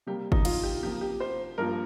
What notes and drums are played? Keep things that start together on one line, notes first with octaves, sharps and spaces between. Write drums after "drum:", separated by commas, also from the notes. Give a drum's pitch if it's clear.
C3 G3 A#3 G4
D#4, drum: kick G1
F4, drum: cymbal
G4
C3 F3 A#3 G4
G4
C5
G2 F3 A#3 A#4